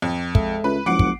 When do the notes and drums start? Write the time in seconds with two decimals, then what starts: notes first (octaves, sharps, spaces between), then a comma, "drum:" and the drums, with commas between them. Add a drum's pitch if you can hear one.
0.02 F2
0.35 G#3 A4 E5, drum: kick
0.64 C#2 B4
0.86 F#1 F3 G#3 A#3 F#5 D6 C7 D7
0.99 drum: kick